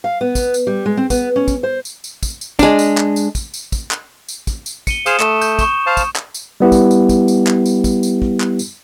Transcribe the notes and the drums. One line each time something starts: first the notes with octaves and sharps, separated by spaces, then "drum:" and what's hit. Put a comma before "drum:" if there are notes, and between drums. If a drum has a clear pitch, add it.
F5
B3
drum: kick, tambourine
drum: tambourine
G3
G#3
C4
B3, drum: kick, tambourine
C#4
drum: kick, tambourine
C5
drum: tambourine
drum: tambourine
drum: kick, tambourine
drum: tambourine
G#3 D4, drum: kick, tambourine
drum: tambourine
drum: clap
drum: tambourine
drum: kick, tambourine
drum: tambourine
drum: kick, tambourine
drum: clap
drum: tambourine
drum: kick, tambourine
drum: tambourine
C#7 D#7 G7, drum: kick, tambourine
G#4 C5 F5 D#6 E7, drum: tambourine
A3 E7, drum: clap
G6, drum: tambourine
C#6 E7, drum: kick, tambourine
C5 F5 A5
drum: kick, tambourine
drum: clap
drum: tambourine
G3 B3 E4 G4
drum: kick, tambourine
drum: tambourine
drum: kick, tambourine
drum: tambourine
drum: clap
drum: tambourine
drum: kick, tambourine
drum: tambourine
drum: kick
drum: clap
drum: tambourine